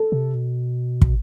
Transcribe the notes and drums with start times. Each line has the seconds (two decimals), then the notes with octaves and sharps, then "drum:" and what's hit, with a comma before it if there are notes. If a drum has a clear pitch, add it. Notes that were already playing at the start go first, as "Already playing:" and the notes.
Already playing: A4
0.12 C3
0.35 B2
1.02 drum: kick